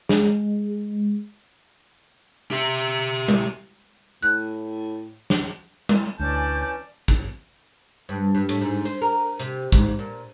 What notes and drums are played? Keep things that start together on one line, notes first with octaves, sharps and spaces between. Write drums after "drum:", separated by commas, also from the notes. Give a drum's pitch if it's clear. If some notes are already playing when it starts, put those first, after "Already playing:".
G#3, drum: snare
G4 E5
drum: tom G3
A2 F#6
drum: snare
drum: tom G3
D2 E3 C#4 D5 A5 G6
drum: kick
G2
G2
A2, drum: cymbal
G#2
C5, drum: hi-hat
A#4
C3, drum: hi-hat
G#2, drum: kick
A#2